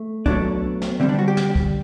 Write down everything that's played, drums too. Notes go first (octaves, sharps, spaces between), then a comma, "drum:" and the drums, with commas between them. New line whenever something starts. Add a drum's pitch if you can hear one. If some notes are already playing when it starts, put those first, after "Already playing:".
Already playing: A3
B2 F#3 A3 D4, drum: kick C2
drum: snare
D3 G3 C4
D4
F#4
G4
drum: snare
drum: kick C2